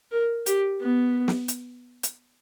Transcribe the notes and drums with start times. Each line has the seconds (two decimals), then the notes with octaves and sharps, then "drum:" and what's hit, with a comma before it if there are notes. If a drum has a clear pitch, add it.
0.12 A#4
0.46 G4, drum: hi-hat
0.81 B3
1.28 drum: snare
1.48 drum: hi-hat
2.03 drum: hi-hat